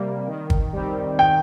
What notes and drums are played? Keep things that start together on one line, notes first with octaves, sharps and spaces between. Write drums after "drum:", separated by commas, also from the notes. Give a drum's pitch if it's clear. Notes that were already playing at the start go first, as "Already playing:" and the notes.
Already playing: C3 G3 A#3
D#3
drum: kick
G3 C4
D#3 G5